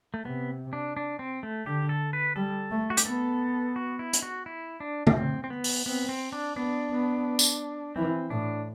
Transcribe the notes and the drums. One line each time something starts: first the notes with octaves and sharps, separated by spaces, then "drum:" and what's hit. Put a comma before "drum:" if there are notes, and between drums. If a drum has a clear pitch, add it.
A3
C3 B3
D4
D4
C4
A3
D3 G4
A4
B4
G3 A4
A3
F#4
G4, drum: hi-hat
B3 A4
F#4
E4
drum: hi-hat
F#4
E4
D4
D4, drum: tom
C4
C4
B3
drum: open hi-hat
B3 C4
C4
D4
B3 D4
B3
drum: tambourine
E3 C4
A2 D4